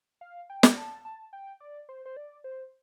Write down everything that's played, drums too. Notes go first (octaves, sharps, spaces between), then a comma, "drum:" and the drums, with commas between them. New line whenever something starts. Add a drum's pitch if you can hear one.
F5
G5
drum: snare
A5
A5
G5
D5
C5
C5
D5
C5